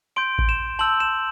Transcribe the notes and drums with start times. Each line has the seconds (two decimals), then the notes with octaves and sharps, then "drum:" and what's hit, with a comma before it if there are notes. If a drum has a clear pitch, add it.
0.16 C6 G6 D7
0.38 drum: kick A1
0.49 E7
0.79 A5 C6 E6 G6 F#7
1.00 E7